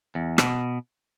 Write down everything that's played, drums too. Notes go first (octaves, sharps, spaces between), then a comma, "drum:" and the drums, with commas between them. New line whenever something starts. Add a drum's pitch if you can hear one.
E2
B2, drum: rim click